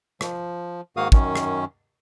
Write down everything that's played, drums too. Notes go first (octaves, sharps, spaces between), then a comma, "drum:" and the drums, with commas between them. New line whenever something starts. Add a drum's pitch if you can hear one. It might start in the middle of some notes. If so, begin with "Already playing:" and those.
F3, drum: rim click
G#2 D#3 A#3 F#4 F5 D#6
F#2 D#3 C#4, drum: kick
drum: rim click